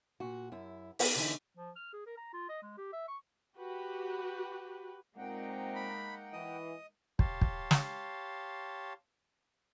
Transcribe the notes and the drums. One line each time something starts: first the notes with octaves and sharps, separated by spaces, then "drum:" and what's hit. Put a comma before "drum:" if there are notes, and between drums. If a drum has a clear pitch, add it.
A#2 F#4
F#2 E4
B3 A#4, drum: open hi-hat
D3 E3 D#4
F3
F6
G#4
A#4
A#5
F4
D#5
G#3
G4
E5
C#6
F#4 G4 B4
A#2 G#3 A#3 C4 D#4 F#5 G5
B5
E3 D#5
G4 C#5 F5 A5 C6, drum: kick
drum: kick
drum: snare